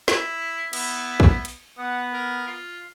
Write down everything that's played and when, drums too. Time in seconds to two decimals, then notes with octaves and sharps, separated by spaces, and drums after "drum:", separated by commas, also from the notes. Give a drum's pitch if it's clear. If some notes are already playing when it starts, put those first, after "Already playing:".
0.08 E4, drum: snare
0.73 B3 E4, drum: cymbal
1.20 drum: kick
1.45 drum: hi-hat
1.78 B3 F#5
2.13 A#4
2.47 F4